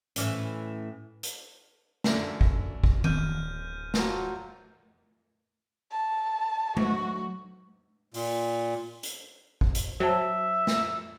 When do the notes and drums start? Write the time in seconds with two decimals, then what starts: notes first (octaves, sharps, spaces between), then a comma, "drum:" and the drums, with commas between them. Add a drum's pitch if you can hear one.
0.16 A2 E3 C#4, drum: hi-hat
1.23 drum: hi-hat
2.04 F#2 D3 A3 D4, drum: snare
2.41 drum: kick
2.84 drum: kick
3.04 D1 F6 G6 D#7, drum: tom D#3
3.94 F3 F#3, drum: snare
5.91 A5
6.77 F#3 A3 F#4, drum: tom G#3
8.14 A#2, drum: open hi-hat
9.03 drum: hi-hat
9.61 drum: kick
9.75 drum: hi-hat
10.00 F#3 C5 E5 G5 A5
10.67 drum: snare